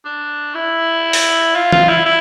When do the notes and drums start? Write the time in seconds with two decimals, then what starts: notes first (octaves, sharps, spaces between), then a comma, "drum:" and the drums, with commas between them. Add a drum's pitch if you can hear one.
0.05 D4
0.55 E4
1.13 drum: open hi-hat
1.56 F4
1.72 F4, drum: tom
1.89 E4
2.05 E4